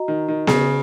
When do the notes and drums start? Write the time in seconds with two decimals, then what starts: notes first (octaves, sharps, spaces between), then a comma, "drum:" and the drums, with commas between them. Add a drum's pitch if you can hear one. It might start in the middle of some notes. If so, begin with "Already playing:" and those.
Already playing: F#4 D#5 A#5
0.08 D#3
0.28 D#3
0.47 C#3, drum: snare B3